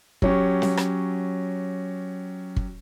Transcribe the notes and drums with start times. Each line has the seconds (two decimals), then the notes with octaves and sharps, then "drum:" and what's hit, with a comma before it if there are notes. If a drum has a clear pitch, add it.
0.22 F#3 C#4 G4, drum: kick
0.62 drum: snare
0.77 drum: rim click
2.56 drum: kick